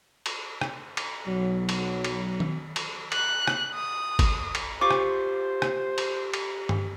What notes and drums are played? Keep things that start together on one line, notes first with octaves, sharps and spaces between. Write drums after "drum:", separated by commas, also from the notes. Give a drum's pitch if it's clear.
drum: cymbal
drum: rim click
drum: cymbal
B1 F#3
drum: cymbal
drum: cymbal
drum: tom D#3
drum: cymbal
F#6, drum: cymbal
drum: rim click
D#6
drum: kick G1, cymbal
drum: cymbal
F4 G4 C5 C#6 D6
drum: rim click
drum: rim click
drum: cymbal
drum: cymbal
drum: tom G2